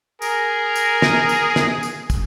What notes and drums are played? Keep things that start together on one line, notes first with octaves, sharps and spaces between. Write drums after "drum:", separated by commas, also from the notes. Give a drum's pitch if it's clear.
G#4 A#4, drum: tambourine
drum: tambourine
drum: snare
drum: tambourine
drum: snare
drum: tambourine
drum: kick, tambourine